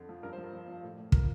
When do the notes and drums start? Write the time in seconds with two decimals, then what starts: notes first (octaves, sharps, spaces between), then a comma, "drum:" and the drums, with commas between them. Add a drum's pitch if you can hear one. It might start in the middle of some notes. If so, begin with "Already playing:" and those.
Already playing: F2 D3
0.09 F3
0.23 G2 A#4
0.33 C5
0.38 F3
0.44 A#4
0.53 F3
0.68 F3
0.83 A2
0.98 A2
1.12 F3 A#4, drum: kick